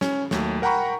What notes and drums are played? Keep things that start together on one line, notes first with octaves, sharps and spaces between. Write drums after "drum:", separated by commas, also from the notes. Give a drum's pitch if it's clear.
C#4, drum: snare
D#2 F#3 A3, drum: snare
A#4 F#5 G5 A#5 B5 C#6